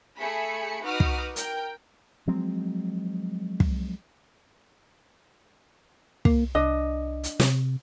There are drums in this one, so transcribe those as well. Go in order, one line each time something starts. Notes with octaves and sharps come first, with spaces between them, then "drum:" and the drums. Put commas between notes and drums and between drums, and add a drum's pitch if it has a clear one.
A3 G#4 E5 B5 B6 C#7
D#4 F#4 B4 D6 D#6 F6
drum: kick
A#4 G5, drum: hi-hat
F3 F#3 G#3 C4
drum: kick
A#3, drum: kick
C2 D4 D#5
drum: hi-hat
C3, drum: snare